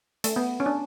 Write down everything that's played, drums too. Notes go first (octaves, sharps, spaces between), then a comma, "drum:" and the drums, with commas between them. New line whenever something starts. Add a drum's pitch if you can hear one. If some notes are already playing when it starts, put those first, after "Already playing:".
A3, drum: hi-hat
B3
C#4
D4